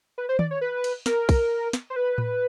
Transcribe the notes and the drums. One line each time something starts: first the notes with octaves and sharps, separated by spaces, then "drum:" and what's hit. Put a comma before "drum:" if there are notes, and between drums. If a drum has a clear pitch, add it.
B4
C5
D5, drum: tom D#3
C#5
B4
drum: cymbal
A#4, drum: snare
drum: kick, cymbal
drum: snare
C5
B4
drum: tom A2